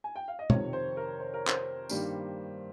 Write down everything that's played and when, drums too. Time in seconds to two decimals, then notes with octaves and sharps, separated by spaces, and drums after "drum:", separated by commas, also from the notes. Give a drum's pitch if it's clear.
0.04 G#5
0.16 G5
0.28 F5
0.39 D#5
0.50 F2 C3 D#3 C#5, drum: tom
0.73 C5
0.97 A#4
1.20 C5
1.34 A#4
1.48 C5, drum: clap
1.89 G2 D#3 G3 A#3, drum: tambourine